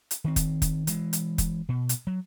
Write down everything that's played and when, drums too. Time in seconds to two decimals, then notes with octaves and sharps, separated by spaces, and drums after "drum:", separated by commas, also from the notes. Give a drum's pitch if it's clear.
0.11 drum: hi-hat
0.24 D#3 C4
0.36 drum: kick F1, hi-hat
0.62 drum: kick F1, hi-hat
0.87 E3 G#3, drum: hi-hat
1.13 drum: hi-hat
1.38 drum: kick F1, hi-hat
1.69 B2
1.89 drum: hi-hat
2.07 F#3